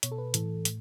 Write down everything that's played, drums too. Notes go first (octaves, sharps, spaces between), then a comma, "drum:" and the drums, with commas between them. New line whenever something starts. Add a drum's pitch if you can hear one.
B2 C#5, drum: hi-hat
A4
B4
A2 E3 A4, drum: hi-hat
A2, drum: hi-hat